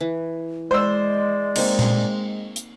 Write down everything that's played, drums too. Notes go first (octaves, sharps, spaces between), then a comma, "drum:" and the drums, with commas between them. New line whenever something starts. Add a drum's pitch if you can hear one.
E3
G#3 C5 D5 E6
A#3 C4 D#4, drum: cymbal
drum: tom A#2
drum: hi-hat